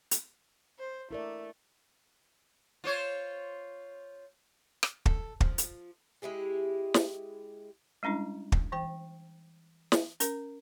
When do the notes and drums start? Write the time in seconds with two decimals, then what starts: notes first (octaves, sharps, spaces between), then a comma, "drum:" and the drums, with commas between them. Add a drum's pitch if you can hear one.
0.11 drum: hi-hat
0.78 C5
1.11 A3 E4 A#4 D5
2.84 F4 C5 C#5
4.83 drum: rim click
5.06 A4, drum: kick
5.41 F3, drum: kick
5.58 drum: hi-hat
6.22 G#3 E4 G4 G#4
6.94 drum: snare
8.03 G3 G#3 C#4 D4 E4
8.52 drum: kick
8.72 E3 C5 G5
9.92 drum: snare
10.20 C#4 A#4, drum: hi-hat